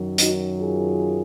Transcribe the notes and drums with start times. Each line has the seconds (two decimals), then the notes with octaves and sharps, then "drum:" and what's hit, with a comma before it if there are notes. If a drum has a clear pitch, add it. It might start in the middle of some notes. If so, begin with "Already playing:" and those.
Already playing: F#2 D#3 F#3
0.18 D#4 F#4, drum: hi-hat
0.58 F4 G#4